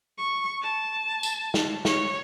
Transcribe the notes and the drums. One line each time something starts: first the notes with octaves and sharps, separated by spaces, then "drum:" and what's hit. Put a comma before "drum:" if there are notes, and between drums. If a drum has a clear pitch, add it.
C#6
A5
drum: tambourine
drum: snare
C#5, drum: snare